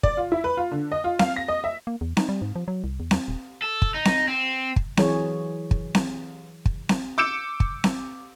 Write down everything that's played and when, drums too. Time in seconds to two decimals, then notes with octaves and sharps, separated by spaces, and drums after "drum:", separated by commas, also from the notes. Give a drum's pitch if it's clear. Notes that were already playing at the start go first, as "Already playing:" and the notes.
0.03 D5, drum: kick
0.17 F4
0.32 E4
0.44 B4
0.57 F4
0.71 D3
0.92 D#5
1.04 F4
1.19 F5, drum: snare C4
1.36 A#6
1.48 D#5
1.64 E5
1.87 A#3
2.01 E2
2.17 D#4, drum: snare C4
2.29 G3
2.42 G#2
2.56 F3
2.68 F#3
2.84 C2
3.00 E2
3.11 drum: snare C4
3.28 D#1
3.62 A4
3.82 drum: kick
3.94 D#4
4.05 drum: snare C4
4.28 C4
4.76 drum: kick
4.97 E3 F#3 E4 G#4 C#5, drum: snare C4
5.71 drum: kick
5.95 drum: snare C4
6.65 drum: kick
6.89 drum: snare C4
7.18 D6 E6 G6 C#7 D7 E7
7.60 drum: kick
7.84 drum: snare C4